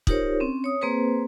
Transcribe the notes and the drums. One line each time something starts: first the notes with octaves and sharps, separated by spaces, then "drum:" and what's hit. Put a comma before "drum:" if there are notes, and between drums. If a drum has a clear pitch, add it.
D#4 F4 G4 A#4 C5 C#5, drum: kick
C4 C#4
C#5 D#6
A#3 C4 G#4 B4 C5